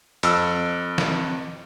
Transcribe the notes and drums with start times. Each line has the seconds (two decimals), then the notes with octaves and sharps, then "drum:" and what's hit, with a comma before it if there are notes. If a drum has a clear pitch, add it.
0.23 F2 E6, drum: hi-hat
0.98 drum: snare